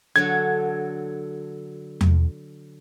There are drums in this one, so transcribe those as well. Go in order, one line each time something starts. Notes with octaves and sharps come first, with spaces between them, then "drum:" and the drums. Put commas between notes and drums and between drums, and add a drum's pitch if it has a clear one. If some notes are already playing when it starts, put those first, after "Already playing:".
D3 F#3 A4 G#6
drum: tom E2